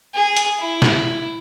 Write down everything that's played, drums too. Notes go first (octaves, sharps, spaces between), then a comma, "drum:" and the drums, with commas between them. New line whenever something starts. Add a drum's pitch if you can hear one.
G#4
drum: hi-hat
E4
drum: snare